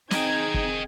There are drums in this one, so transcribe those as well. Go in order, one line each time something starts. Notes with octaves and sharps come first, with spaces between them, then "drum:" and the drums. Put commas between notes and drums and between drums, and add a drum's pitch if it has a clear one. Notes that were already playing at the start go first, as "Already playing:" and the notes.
C4 D#4 G#4 D#5 G5 G#6, drum: snare
drum: kick